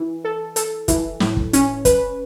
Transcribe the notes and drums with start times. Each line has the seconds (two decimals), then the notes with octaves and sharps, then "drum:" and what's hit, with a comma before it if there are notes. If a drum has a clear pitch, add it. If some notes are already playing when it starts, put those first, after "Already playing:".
Already playing: E3
0.24 A4
0.56 A4, drum: hi-hat
0.88 E3, drum: kick, hi-hat
1.20 A2, drum: snare
1.37 drum: kick
1.53 C#4, drum: hi-hat
1.85 B4, drum: kick, hi-hat